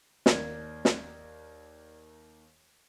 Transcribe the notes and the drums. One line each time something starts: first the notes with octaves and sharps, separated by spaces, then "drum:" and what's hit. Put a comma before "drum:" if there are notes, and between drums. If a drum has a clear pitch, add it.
D#2 A#3 D5 G#6, drum: snare
drum: snare